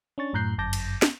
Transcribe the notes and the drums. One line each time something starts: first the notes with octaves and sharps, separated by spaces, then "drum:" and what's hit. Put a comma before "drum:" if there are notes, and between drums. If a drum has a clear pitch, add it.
C#4 D4 C#6 A6
F#2 A2 A#5 F#6 G6 C7
G1 F#2 A5 D6 G6 A#6
drum: cymbal
drum: snare